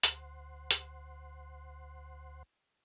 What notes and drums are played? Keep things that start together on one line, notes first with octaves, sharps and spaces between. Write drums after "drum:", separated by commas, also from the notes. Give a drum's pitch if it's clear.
D2 C5 F#5 C6, drum: hi-hat
drum: hi-hat